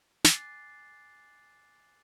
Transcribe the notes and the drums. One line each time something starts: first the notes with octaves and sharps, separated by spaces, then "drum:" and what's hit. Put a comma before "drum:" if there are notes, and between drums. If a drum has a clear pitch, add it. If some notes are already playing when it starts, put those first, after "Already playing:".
G#5 D6 F#6 A6 C7, drum: snare